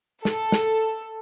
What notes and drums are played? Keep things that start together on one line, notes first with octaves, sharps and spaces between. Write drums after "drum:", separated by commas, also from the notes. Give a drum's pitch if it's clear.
A4, drum: snare
drum: snare